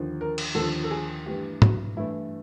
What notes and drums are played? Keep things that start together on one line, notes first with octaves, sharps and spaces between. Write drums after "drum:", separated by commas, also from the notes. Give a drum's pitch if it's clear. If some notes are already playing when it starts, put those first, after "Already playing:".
Already playing: D#2 D3 F3
A#4
drum: cymbal
D#2 D3 F3 A4
A4
G#4
G2 E3 A3 G4
F#4, drum: tom
G2 E3 A3 E4